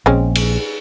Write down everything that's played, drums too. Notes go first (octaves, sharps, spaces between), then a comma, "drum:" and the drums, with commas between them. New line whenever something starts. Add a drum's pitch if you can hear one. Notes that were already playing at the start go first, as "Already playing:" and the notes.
A#1 G#3 C4 C#4
drum: cymbal